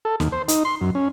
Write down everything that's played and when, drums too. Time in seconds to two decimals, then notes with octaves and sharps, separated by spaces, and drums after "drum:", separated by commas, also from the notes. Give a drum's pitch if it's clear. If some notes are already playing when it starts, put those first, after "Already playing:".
0.05 A4
0.20 D#2, drum: snare
0.32 C5
0.48 D#4, drum: hi-hat
0.65 C6
0.81 F#2
0.95 C#4